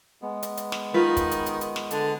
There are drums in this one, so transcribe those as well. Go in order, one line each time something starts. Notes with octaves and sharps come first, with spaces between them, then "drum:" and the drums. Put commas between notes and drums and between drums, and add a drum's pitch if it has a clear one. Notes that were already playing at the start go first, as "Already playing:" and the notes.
G#3 B3
drum: hi-hat
drum: hi-hat
drum: snare
D#3 F4 B4
drum: kick, hi-hat
drum: hi-hat
drum: hi-hat
drum: hi-hat
drum: snare
D3, drum: hi-hat